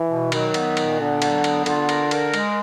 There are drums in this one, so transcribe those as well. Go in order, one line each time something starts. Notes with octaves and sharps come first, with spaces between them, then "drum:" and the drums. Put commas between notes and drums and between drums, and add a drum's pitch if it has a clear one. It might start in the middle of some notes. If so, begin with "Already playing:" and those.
Already playing: E3
B2
D#3 F#3, drum: cymbal
B3, drum: cymbal
A#2, drum: cymbal
D3 B3
F#3, drum: cymbal
B3, drum: cymbal
D3 F4, drum: cymbal
A#4, drum: cymbal
A#4, drum: cymbal
G#3, drum: cymbal